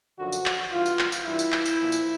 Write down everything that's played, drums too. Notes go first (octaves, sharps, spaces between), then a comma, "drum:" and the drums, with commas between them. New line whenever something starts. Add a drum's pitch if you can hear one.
F#2 D3 F3 F#4
drum: tambourine
drum: clap
G2 E3 F4
drum: tambourine
drum: clap
drum: tambourine
G2 E3 E4
drum: tambourine
drum: clap
drum: tambourine
A#2 F3
drum: tambourine